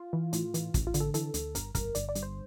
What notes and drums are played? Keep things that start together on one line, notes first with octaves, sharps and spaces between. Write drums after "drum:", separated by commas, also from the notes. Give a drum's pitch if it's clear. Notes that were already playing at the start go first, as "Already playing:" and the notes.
Already playing: F4
E3
A2, drum: hi-hat
E3, drum: hi-hat
A1, drum: kick, hi-hat
F4
D3, drum: hi-hat
A4
E3 A4, drum: hi-hat
D2, drum: hi-hat
G1 A#4, drum: hi-hat
G1 A#4, drum: kick, hi-hat
G1 D5, drum: hi-hat
D5
G2, drum: hi-hat
C5